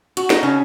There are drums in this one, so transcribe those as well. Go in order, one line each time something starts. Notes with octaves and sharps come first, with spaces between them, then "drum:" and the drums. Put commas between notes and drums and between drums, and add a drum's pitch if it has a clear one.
F#4, drum: hi-hat
D#4, drum: snare
C#3 C#4